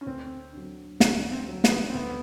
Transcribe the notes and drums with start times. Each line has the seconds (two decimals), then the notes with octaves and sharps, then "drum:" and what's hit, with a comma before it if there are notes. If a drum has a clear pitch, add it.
0.01 C#4
0.06 D2 C4
0.53 D3 F#3
1.00 D2 C#4, drum: snare
1.31 C4
1.48 D3 F#3
1.64 B3, drum: snare
1.89 C4
1.94 D2 B3